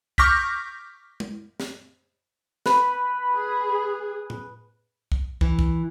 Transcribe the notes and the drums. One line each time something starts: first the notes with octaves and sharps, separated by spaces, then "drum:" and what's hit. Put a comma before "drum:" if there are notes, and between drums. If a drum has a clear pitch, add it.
C#6 D6 F6 G6 A#6 B6, drum: kick
drum: tom G#3
drum: snare
B4 B5, drum: snare
G#4
drum: tom A2
drum: kick
E3, drum: kick
drum: kick